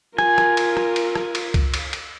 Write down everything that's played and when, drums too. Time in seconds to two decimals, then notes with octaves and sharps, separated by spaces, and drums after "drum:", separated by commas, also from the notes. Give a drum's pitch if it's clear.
0.18 F4 A#4 G#5, drum: rim click
0.38 drum: rim click
0.57 drum: cymbal
0.77 drum: rim click
0.96 drum: cymbal
1.15 drum: rim click
1.35 drum: cymbal
1.54 drum: kick C2, cymbal
1.74 drum: cymbal
1.93 drum: cymbal